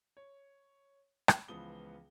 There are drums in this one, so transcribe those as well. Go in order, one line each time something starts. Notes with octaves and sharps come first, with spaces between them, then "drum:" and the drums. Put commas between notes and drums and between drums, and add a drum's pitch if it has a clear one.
C#5
drum: rim click
C#2 E3 F3 B3 D#6 G7